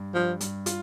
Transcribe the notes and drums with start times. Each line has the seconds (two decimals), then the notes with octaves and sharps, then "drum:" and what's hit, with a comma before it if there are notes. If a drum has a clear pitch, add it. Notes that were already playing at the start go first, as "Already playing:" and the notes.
Already playing: G2
0.14 G2 F3
0.41 G2, drum: hi-hat
0.66 F4, drum: hi-hat